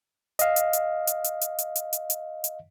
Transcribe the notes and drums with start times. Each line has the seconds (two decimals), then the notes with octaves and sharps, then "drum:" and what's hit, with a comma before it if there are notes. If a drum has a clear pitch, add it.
0.39 D#5 F5, drum: hi-hat
0.56 drum: hi-hat
0.73 drum: hi-hat
1.07 drum: hi-hat
1.24 drum: hi-hat
1.41 drum: hi-hat
1.58 drum: hi-hat
1.76 drum: hi-hat
1.93 drum: hi-hat
2.10 drum: hi-hat
2.44 drum: hi-hat